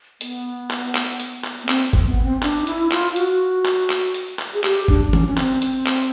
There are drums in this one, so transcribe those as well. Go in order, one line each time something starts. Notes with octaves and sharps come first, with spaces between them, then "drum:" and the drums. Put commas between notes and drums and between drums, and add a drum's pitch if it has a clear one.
B3, drum: hi-hat
drum: clap
drum: clap
drum: hi-hat
drum: clap
B3
C4, drum: clap
drum: kick
B3
C4
D4, drum: clap
D#4
E4, drum: hi-hat
F4, drum: clap
F#4, drum: hi-hat
drum: clap
drum: clap
drum: hi-hat
drum: clap
G#4
G4, drum: clap
D4, drum: kick
C#4, drum: tom
C#4
C4, drum: clap
drum: hi-hat
drum: clap